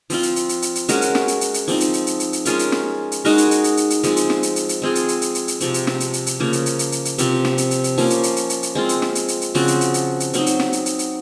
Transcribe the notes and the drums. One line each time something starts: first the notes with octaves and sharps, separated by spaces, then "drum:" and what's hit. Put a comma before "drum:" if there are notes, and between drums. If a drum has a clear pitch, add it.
F3 C4 F4, drum: open hi-hat
drum: hi-hat
drum: hi-hat
drum: hi-hat
drum: hi-hat
drum: hi-hat
G#3 C#4 F#4 A#4, drum: hi-hat
drum: hi-hat
drum: snare
drum: hi-hat
drum: hi-hat
drum: hi-hat
F3 C4 D#4, drum: open hi-hat
drum: hi-hat
drum: hi-hat
drum: hi-hat
drum: hi-hat
drum: hi-hat
G#3 C#4 F4 A#4, drum: hi-hat
drum: hi-hat
drum: snare
drum: hi-hat
G#3 D#4 F#4 A#4, drum: open hi-hat
drum: hi-hat
drum: hi-hat
drum: hi-hat
drum: hi-hat
drum: hi-hat
F3 G#3 C4, drum: hi-hat
drum: hi-hat
drum: snare
drum: hi-hat
drum: hi-hat
drum: hi-hat
G#3 C4 F4 G#4
drum: hi-hat
drum: hi-hat
drum: hi-hat
drum: hi-hat
drum: hi-hat
C3 F3 C4, drum: hi-hat
drum: hi-hat
drum: snare
drum: hi-hat
drum: hi-hat
drum: hi-hat
C#3 F3 A#3
drum: hi-hat
drum: hi-hat
drum: hi-hat
drum: hi-hat
drum: hi-hat
C3 F3 C4, drum: hi-hat
drum: snare
drum: hi-hat
drum: hi-hat
drum: hi-hat
F3 A#3 C#4, drum: open hi-hat
drum: hi-hat
drum: hi-hat
drum: hi-hat
drum: hi-hat
drum: hi-hat
G#3 C4 F4
drum: hi-hat
drum: snare
drum: hi-hat
drum: hi-hat
drum: hi-hat
C#3 F3 C4 F#4, drum: open hi-hat
drum: hi-hat
drum: hi-hat
drum: hi-hat
drum: hi-hat
F#3 C4 D#4, drum: hi-hat
drum: hi-hat
drum: snare
drum: hi-hat
drum: hi-hat
drum: hi-hat